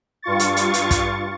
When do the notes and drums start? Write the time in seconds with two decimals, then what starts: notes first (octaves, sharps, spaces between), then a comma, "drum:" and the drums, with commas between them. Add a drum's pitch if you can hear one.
0.22 G2 F4 C#6 A6
0.40 drum: hi-hat
0.57 drum: hi-hat
0.74 drum: hi-hat
0.91 drum: kick, hi-hat